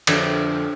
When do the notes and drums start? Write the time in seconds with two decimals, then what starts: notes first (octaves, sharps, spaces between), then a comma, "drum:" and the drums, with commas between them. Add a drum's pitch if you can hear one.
0.07 F2 D3 F3, drum: cymbal